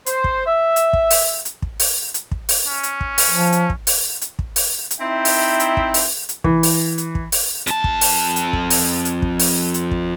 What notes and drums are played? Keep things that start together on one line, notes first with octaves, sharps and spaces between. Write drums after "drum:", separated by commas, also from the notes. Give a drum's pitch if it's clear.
C5, drum: hi-hat
drum: kick
E5
drum: hi-hat
drum: kick
drum: open hi-hat
drum: hi-hat
drum: kick
drum: open hi-hat
drum: hi-hat
drum: kick
drum: open hi-hat
C#4
drum: hi-hat
drum: kick
drum: open hi-hat
F3
drum: hi-hat
drum: kick
drum: open hi-hat
drum: hi-hat
drum: kick
drum: open hi-hat
drum: hi-hat
C4 D#4 E4 E5 G5
drum: open hi-hat
drum: hi-hat
drum: kick
drum: open hi-hat
drum: hi-hat
E3, drum: kick
drum: open hi-hat
drum: hi-hat
drum: kick
drum: open hi-hat
F2 A5, drum: hi-hat
drum: kick
drum: open hi-hat
drum: hi-hat
drum: kick
drum: open hi-hat
drum: hi-hat
drum: kick
drum: open hi-hat
drum: hi-hat
drum: kick